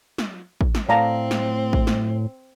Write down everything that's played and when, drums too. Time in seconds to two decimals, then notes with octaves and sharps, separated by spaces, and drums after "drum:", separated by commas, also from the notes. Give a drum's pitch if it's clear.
0.18 drum: snare
0.61 drum: kick
0.75 drum: snare
0.89 A2 C4 A4 D5 F5 A5 A#5
1.31 drum: snare
1.73 drum: kick
1.87 drum: snare